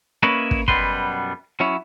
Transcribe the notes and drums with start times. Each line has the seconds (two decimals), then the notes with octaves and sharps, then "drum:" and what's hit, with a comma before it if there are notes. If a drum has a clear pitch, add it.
0.23 A#3 C#4 E4 B4 C#5 D#5
0.51 drum: kick
0.68 F#2 B2 G3 B3 B4 C6, drum: kick
1.60 F#3 C#4 E4 C#5